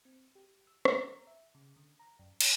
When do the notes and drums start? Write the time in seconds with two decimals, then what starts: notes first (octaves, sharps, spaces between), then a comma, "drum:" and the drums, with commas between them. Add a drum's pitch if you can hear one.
0.05 C4
0.35 G4
0.67 E6
0.85 A#5, drum: rim click
1.27 E5
1.55 C#3
1.76 D3
2.00 A#5
2.19 F#2
2.41 C#5, drum: cymbal